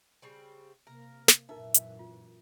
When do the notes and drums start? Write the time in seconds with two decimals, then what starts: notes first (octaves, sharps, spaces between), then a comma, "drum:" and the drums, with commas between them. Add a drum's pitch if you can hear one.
0.22 C#3 G3 C4
0.87 C3 A#3 A#4
1.28 drum: snare
1.49 F#2 A#2 E3 D#4 E4 A#4 E5
1.74 drum: hi-hat
1.99 F4